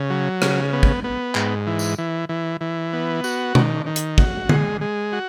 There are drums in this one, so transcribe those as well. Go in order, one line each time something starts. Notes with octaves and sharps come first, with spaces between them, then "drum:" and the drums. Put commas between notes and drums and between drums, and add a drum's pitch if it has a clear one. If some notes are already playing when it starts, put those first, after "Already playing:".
Already playing: C#3
F#3
C#3, drum: rim click
B3
drum: kick
B3
G#2, drum: clap
E3
drum: tambourine
E3
E3
E3
B3
F#4, drum: tambourine
D#3, drum: tom B2
D#3
drum: hi-hat
F#4, drum: kick
G#3, drum: tom D3
G#3
F#4